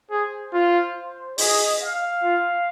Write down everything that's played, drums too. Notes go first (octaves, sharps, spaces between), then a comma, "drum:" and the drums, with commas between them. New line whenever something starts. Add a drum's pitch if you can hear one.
G#4 C5
F4
G#4 D#5, drum: open hi-hat
F5
F4